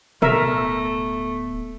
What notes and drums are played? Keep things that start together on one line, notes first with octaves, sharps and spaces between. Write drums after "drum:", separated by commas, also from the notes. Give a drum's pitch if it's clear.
D1 A3 B3 A#4 E5, drum: tom B2